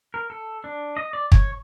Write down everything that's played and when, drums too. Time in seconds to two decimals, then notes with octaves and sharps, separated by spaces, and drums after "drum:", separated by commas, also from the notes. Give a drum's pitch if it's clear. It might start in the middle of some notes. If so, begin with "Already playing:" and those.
0.14 A#4
0.30 A4
0.64 D4
0.97 D#5
1.13 D5
1.32 C#5, drum: kick